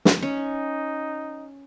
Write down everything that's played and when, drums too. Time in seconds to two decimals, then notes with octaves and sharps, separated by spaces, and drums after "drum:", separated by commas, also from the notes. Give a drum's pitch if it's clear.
0.05 drum: snare
0.23 C#4 D#4